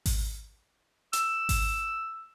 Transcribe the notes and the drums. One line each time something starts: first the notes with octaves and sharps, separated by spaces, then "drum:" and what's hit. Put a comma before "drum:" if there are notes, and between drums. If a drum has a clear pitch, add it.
drum: kick G#1, open hi-hat
E6, drum: hi-hat
drum: kick G#1, open hi-hat